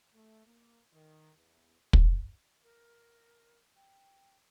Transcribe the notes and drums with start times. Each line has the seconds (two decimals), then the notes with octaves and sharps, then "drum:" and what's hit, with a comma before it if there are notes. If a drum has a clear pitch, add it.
0.14 A3
0.46 A#3
0.94 D#3
1.37 E2
1.93 drum: kick
2.63 A#4
3.75 G5